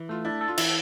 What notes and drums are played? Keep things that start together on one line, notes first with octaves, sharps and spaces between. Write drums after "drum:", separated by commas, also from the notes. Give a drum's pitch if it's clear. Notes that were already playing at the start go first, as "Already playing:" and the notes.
Already playing: E3
A3 F4
D4 E4
A4
F4
E3 E4, drum: cymbal